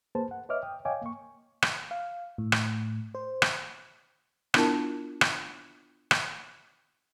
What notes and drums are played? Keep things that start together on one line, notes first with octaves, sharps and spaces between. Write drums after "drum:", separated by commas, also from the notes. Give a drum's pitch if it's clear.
A#3 G#4 B4 C5 A5
F#5
B4 C#5 D#5 E5 D6 F6
G5 D#6
C#5 D#5 F5 G5 G#5 D6
A#3 C#6
drum: rim click
F5
A2
drum: rim click
C5
drum: rim click
B3 D4 E4 F4 A#4 A5, drum: rim click
drum: rim click
drum: rim click